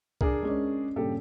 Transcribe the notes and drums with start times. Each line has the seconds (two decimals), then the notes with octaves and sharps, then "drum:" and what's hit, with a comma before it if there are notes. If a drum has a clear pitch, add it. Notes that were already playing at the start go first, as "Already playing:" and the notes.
0.21 D4 G#4 A#4, drum: kick C2
0.43 G#3 C#4 D5
0.96 G2 A#2 C#3 G4 A4